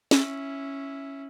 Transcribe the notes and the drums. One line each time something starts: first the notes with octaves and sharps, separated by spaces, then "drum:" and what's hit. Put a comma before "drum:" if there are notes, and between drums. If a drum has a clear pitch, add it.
C#4 E4, drum: snare